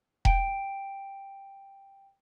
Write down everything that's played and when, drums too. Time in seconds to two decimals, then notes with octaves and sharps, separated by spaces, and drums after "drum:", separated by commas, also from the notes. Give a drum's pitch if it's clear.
0.25 G5 D7, drum: kick E1